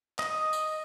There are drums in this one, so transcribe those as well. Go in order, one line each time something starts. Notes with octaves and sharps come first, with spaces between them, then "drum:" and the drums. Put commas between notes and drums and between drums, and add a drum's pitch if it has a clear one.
D#5, drum: clap
drum: tambourine